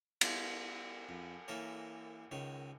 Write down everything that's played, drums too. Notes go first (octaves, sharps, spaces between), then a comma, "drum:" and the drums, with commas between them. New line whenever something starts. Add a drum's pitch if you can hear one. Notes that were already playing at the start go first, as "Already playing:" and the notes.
G3 B3 E4 F4 G4 A4, drum: cymbal
F2
E3 A#3 A4 A#4 C#5
C#2 D#3 C#5